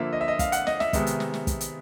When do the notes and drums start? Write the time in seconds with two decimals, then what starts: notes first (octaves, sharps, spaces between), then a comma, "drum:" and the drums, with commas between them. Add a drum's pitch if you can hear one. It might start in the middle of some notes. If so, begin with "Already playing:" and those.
Already playing: D3 F3 A#3 E5
0.13 D#5
0.21 E5
0.28 D#5
0.39 F5, drum: kick, hi-hat
0.52 F#5, drum: hi-hat
0.67 D#5, drum: snare
0.80 E5, drum: snare
0.93 C3 D#3 G#3 B3 D#4, drum: kick, hi-hat
1.07 drum: hi-hat
1.20 drum: snare
1.34 drum: snare
1.47 drum: kick, hi-hat
1.61 drum: hi-hat